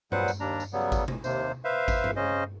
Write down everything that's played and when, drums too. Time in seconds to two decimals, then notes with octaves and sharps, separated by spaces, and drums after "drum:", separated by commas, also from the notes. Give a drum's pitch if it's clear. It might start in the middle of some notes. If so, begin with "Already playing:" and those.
0.12 A#2 F#3 G3 B4 C5 F#5, drum: tom G2
0.28 drum: tambourine
0.40 D#2 G3 D4 A#5
0.60 drum: tambourine
0.73 C#3 F#3 G3 B3
0.92 drum: kick G#1, tambourine
1.08 drum: tom B2
1.24 D#2 C3 C5, drum: tambourine
1.65 B4 C5 E5 F5
1.88 drum: kick G#1, tambourine
2.04 drum: tom G2
2.16 C#3 C#4 C5 D#5